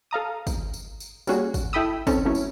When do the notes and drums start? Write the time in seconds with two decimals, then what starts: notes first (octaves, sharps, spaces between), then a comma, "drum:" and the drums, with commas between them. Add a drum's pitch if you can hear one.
0.11 A4 F5 A#5 D#6
0.47 drum: kick, tambourine
0.74 drum: tambourine
1.00 drum: tambourine
1.27 G3 A#3 C#4 F#4 G#4, drum: tambourine
1.54 drum: kick, tambourine
1.73 E4 A4 G5 B5 D#6 E6
2.07 C4 C#4 D#4 A4, drum: kick, tambourine
2.25 F#3 A3 B3 C#4 E4
2.35 drum: tambourine